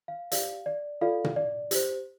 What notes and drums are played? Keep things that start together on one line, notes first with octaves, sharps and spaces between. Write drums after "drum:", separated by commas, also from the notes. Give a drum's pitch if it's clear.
F5
G4 D5 F5, drum: hi-hat
D5
F4 A4 D5 F5
drum: tom A#2
D5
G4 C5, drum: hi-hat